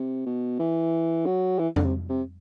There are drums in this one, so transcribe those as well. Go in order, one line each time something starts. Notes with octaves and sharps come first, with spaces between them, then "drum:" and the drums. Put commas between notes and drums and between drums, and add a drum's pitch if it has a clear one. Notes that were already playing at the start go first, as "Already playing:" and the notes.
Already playing: C3
B2
E3
F#3
E3
D3, drum: tom F2
C3
C3